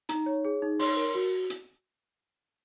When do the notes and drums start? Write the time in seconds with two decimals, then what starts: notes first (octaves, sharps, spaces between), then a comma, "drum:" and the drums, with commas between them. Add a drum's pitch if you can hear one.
0.09 D#4 A#5, drum: hi-hat
0.26 C#5
0.45 G#4
0.62 D#4
0.79 C#5 C6, drum: open hi-hat
0.97 A#4
1.15 F#4
1.50 drum: hi-hat